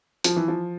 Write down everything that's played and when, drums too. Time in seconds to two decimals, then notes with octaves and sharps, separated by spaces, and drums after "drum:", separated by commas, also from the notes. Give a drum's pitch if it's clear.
0.24 F3, drum: hi-hat
0.36 E3
0.48 F3